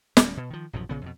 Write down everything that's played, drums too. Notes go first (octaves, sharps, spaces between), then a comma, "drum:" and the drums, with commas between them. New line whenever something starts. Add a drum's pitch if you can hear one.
D1 G3 A3 C#4, drum: snare
B2
D#3 F3
A1 F#2 B2 F3
A#1 C#3 B3
F2 G#2 B2